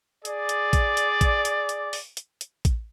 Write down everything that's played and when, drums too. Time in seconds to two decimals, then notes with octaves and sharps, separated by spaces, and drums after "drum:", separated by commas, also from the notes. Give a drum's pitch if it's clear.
0.25 G#4 D5, drum: hi-hat
0.49 drum: hi-hat
0.73 drum: kick A1, hi-hat
0.97 drum: hi-hat
1.21 drum: kick A1, hi-hat
1.45 drum: hi-hat
1.69 drum: hi-hat
1.93 drum: open hi-hat
2.17 drum: hi-hat
2.41 drum: hi-hat
2.65 drum: kick A1, hi-hat